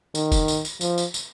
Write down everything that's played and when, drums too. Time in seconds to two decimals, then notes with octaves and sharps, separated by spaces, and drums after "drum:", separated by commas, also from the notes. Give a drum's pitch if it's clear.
0.15 D#3, drum: tambourine
0.32 drum: kick, tambourine
0.48 drum: tambourine
0.65 drum: tambourine
0.81 F3, drum: tambourine
0.98 drum: tambourine
1.14 drum: tambourine